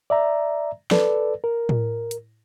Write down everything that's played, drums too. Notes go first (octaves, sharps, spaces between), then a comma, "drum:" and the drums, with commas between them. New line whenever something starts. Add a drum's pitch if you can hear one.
D5 E5 A#5
A4 B4 D5, drum: snare
A#4
drum: tom A2
drum: hi-hat